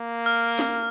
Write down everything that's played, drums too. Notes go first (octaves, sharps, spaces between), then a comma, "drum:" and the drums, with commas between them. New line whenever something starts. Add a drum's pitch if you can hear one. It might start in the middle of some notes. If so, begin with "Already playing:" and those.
Already playing: A#3
F6
drum: snare